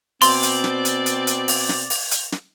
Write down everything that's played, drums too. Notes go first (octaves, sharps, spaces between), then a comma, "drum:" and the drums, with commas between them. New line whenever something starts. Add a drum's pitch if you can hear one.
B2 C4 D5 C6, drum: open hi-hat
drum: hi-hat
drum: snare
drum: hi-hat
drum: hi-hat
drum: hi-hat
drum: open hi-hat
drum: snare
drum: open hi-hat
drum: hi-hat
drum: snare